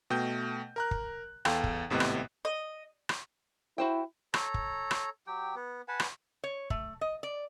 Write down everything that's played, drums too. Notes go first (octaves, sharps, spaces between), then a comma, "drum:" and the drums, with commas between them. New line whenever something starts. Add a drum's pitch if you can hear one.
B2 A3 G5 G6
A#4 A#5 F#6
drum: kick
E2 A4 F5 G5, drum: rim click
drum: kick
G#1 A2 C3 B3 D#5 F#6
drum: rim click
D#5
drum: rim click
E4 F#4 C5 G5
A4 C#5 A#5, drum: rim click
drum: kick
drum: rim click
F#3 G4 G5
B3
B4 F#5 G#5 A5
drum: rim click
C#5
A3, drum: kick
D#5
D5